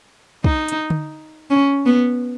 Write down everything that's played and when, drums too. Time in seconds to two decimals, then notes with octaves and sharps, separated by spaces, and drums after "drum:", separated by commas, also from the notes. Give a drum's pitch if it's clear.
0.44 D#4, drum: kick
0.68 drum: hi-hat
0.90 drum: tom D3
1.50 C#4
1.86 B3